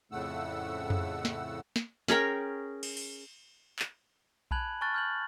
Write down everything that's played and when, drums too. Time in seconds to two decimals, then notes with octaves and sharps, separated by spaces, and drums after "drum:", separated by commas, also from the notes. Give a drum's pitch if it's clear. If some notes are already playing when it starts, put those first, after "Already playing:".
0.12 F2 A2 C#3 A3 F#5 E6
0.90 drum: tom F2
1.25 drum: snare
1.76 drum: snare
2.08 C#4 G#4 A#4 G5, drum: snare
2.83 drum: cymbal
2.97 drum: open hi-hat
3.79 drum: clap
4.51 G#5 A5 B5 F#6 G#6 F#7, drum: kick B1
4.81 G#5 A5 C#6 F6 F#6 A6
4.94 F6 G6 F#7